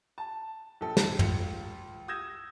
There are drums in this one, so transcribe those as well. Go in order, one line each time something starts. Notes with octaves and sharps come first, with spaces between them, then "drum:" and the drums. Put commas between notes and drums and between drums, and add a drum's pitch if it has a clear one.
A5
A#1 A4
drum: snare
C#2 F4 C#7, drum: tom
D#6 E6 G6 G#6 A#6 E7